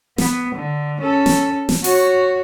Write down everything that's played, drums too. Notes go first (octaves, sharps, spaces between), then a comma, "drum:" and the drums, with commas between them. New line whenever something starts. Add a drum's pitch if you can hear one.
B3, drum: snare
D3
C#4 A4
drum: snare
drum: snare
F#4 C#5, drum: open hi-hat